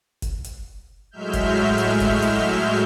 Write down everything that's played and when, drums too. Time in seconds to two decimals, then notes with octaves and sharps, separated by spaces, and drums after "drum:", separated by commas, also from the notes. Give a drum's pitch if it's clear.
0.22 drum: kick F#1, hi-hat
0.44 drum: hi-hat
1.11 A2 F#3 G#3 E5 F6 G6
1.33 drum: kick F#1, hi-hat
1.78 drum: hi-hat
2.00 drum: kick F#1, hi-hat
2.22 drum: hi-hat